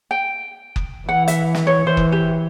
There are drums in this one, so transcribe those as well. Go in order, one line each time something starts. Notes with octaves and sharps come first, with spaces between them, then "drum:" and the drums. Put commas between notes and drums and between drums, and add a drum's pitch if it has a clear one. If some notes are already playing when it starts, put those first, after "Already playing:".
G5
drum: kick F#1
E3 F#5
E5, drum: hi-hat
drum: snare
C#5
E3 C5
drum: kick F#1
G4